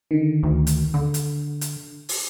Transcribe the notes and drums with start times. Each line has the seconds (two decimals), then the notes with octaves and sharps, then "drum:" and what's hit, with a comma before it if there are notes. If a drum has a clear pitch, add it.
0.11 D3 D#3
0.43 D2
0.67 drum: hi-hat
0.94 D3 D4
1.14 drum: hi-hat
1.61 drum: hi-hat
2.09 drum: open hi-hat